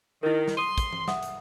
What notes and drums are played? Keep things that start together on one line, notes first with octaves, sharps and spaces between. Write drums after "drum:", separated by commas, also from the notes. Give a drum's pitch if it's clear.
D#3 E4 A#4
drum: snare
C6 D#6 D#7
drum: kick, hi-hat
drum: tom E3
E5 F#5 D#6, drum: snare
drum: hi-hat